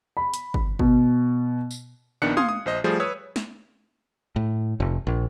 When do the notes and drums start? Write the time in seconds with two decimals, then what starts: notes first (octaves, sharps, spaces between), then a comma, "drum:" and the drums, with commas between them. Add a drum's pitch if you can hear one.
0.17 B5
0.34 drum: hi-hat
0.54 drum: kick
0.79 B2, drum: kick
1.71 drum: tambourine
2.22 A#1 D#3 B3 D4 F#6 C#7
2.37 F5 C6 D#6 G#6, drum: tom
2.49 D#6
2.66 A#1 C5 D#5
2.84 F3 G3 A3 G#4 C5
3.00 B4 C#5 D#6 E6 G#6
3.36 drum: snare
4.36 A2
4.80 F1
5.07 A#1